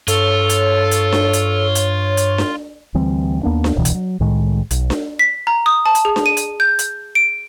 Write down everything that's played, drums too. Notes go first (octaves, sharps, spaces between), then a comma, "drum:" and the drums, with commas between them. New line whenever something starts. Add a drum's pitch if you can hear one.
G2 F4 A4 C#5, drum: hi-hat
drum: hi-hat
drum: hi-hat
drum: snare D4
drum: hi-hat
drum: hi-hat
drum: hi-hat
drum: snare D4
D2 E3 G3 C4
D#2 A#3 B3 D4
drum: snare D4
D1 C2 B2 E3
drum: hi-hat
F#3
C2 A2 D#3 G#3
B1, drum: hi-hat
drum: snare D4
B6
A#5
D#6
A5
drum: hi-hat
G#4
drum: snare D4
D#7
drum: hi-hat
G6
drum: hi-hat
D7